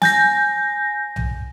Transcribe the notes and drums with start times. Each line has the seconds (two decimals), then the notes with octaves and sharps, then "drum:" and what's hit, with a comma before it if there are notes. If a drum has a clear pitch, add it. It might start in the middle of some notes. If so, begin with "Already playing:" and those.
0.02 G#5 G6 A#6, drum: snare
1.16 drum: tom B1